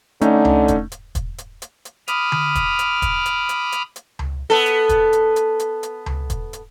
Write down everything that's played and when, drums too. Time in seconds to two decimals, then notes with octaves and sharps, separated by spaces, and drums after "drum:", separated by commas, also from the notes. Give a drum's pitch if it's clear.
0.21 D3 A3 C#4 D#4, drum: hi-hat
0.45 drum: tom C#2
0.68 drum: kick, hi-hat
0.92 drum: hi-hat
1.15 drum: kick, hi-hat
1.38 drum: hi-hat
1.62 drum: hi-hat
1.85 drum: hi-hat
2.08 B5 D6 D#6 F6, drum: hi-hat
2.32 drum: tom D3
2.55 drum: kick, hi-hat
2.79 drum: hi-hat
3.02 drum: kick, hi-hat
3.26 drum: hi-hat
3.49 drum: hi-hat
3.72 drum: hi-hat
3.96 drum: hi-hat
4.19 drum: tom C#2
4.50 B3 A4
4.66 drum: hi-hat
4.89 drum: kick, hi-hat
5.13 drum: hi-hat
5.36 drum: hi-hat
5.59 drum: hi-hat
5.83 drum: hi-hat
6.06 drum: tom C#2
6.30 drum: kick, hi-hat
6.53 drum: hi-hat